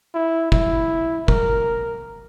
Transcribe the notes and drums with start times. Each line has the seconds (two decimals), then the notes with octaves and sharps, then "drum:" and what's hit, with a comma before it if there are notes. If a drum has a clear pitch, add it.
0.14 E4
0.52 E4, drum: kick
1.28 A#4, drum: kick